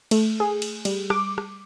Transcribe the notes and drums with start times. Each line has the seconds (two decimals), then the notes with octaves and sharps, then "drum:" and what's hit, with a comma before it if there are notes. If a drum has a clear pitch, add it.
0.11 A3, drum: cymbal
0.40 G#4
0.62 drum: cymbal
0.85 G3, drum: cymbal
1.10 D6, drum: rim click
1.38 drum: rim click